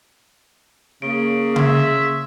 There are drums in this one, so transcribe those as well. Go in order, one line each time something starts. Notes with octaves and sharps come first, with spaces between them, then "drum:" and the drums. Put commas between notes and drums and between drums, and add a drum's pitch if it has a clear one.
C#3 A#3 D7
E5 C6 C#6 G#6, drum: tom C#3